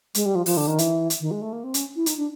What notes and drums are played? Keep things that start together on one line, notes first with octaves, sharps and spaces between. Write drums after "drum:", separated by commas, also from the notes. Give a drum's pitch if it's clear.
G#3, drum: hi-hat
G3
F3
F3, drum: open hi-hat
D3
D#3
E3, drum: hi-hat
drum: hi-hat
D#3
G#3
A3
A#3
C4
C#4, drum: hi-hat
E4
D#4, drum: hi-hat
D4